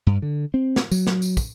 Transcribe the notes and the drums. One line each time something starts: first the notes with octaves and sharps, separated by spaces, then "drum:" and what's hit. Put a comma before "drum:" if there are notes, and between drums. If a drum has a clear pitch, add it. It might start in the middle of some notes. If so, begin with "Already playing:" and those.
G2
D3
C4
drum: snare
F#3, drum: tambourine
drum: snare
drum: tambourine
drum: kick, tambourine